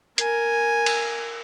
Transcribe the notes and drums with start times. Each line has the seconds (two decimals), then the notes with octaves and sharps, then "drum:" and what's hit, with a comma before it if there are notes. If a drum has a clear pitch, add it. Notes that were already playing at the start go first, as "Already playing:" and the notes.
0.18 A#4 G#5, drum: hi-hat
0.86 drum: cymbal